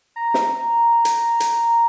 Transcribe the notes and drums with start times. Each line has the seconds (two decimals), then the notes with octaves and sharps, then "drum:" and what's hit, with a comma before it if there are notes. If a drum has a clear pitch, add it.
0.16 A#5
0.34 drum: snare
1.05 drum: hi-hat
1.40 drum: hi-hat